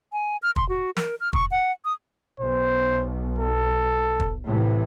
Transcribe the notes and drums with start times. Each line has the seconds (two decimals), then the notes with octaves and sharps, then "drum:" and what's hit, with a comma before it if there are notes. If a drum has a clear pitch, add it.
0.12 G#5
0.43 F6
0.56 C6, drum: kick
0.69 F#4
0.97 A#4, drum: snare
1.20 F6
1.33 C#6, drum: kick
1.51 F#5
1.85 D#6
2.40 B1 C5
3.39 A4
4.20 drum: kick
4.45 A2 C3 E3